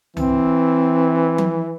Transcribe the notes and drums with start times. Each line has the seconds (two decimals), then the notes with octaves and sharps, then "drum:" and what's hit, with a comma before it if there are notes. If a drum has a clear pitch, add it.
0.17 E3 C4, drum: tom C2
1.38 drum: tom F3